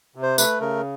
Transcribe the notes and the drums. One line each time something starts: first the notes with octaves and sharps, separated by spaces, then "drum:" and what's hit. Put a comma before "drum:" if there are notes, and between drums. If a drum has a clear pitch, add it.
C3
C5
A3 B4, drum: tambourine
C#3 A#4